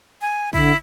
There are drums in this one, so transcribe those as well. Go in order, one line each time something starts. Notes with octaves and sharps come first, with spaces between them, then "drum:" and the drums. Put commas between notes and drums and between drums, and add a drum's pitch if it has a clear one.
G#5
D3 E4, drum: kick